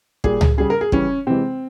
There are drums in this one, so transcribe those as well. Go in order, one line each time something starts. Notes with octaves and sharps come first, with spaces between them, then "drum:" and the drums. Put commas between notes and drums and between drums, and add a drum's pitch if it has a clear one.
A#2 G3 G#4, drum: kick
drum: tom C#2
C#3 G3 G#4
A#4
G#4
C#3 E3 G3 C#4, drum: kick
C3 E3 G#3 C4